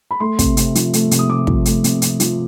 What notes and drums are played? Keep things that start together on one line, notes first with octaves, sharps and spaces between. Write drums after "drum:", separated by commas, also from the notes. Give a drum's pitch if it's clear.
B5
A3 C6
C3, drum: kick, hi-hat
C3, drum: hi-hat
F3, drum: hi-hat
A3, drum: hi-hat
C3, drum: hi-hat
D#6
C3 D6
F3, drum: kick
A3, drum: hi-hat
C3, drum: hi-hat
C3, drum: hi-hat
F3, drum: hi-hat